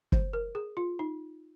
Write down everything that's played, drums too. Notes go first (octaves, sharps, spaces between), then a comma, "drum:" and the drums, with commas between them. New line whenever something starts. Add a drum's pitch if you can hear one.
C5, drum: kick
A#4
G#4
F4
D#4